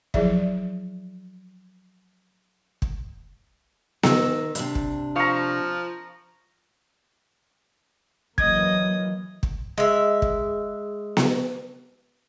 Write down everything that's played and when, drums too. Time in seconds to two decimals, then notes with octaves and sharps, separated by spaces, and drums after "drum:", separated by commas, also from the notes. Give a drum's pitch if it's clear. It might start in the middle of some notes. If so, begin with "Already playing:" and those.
0.14 F3 F#3 E4 G#4 D5 E5, drum: kick
2.82 drum: kick
4.03 D#3 E6, drum: snare B3
4.55 C3 D4, drum: hi-hat
4.75 drum: kick
5.16 F3 F5 A#5 C#6
8.38 E3 F#3 A#3 D#5 D#6 G#6, drum: kick
9.43 drum: kick
9.78 G#3 E5
10.22 drum: kick
11.17 drum: snare B3